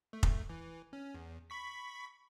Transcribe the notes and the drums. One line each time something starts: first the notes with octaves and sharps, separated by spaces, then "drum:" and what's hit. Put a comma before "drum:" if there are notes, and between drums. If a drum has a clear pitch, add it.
A3
drum: kick F1
E3
C#4
E2
B5 C#6 B6